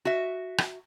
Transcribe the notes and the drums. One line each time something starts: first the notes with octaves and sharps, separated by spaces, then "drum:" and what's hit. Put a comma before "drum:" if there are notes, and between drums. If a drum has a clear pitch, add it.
F#4 E5
drum: rim click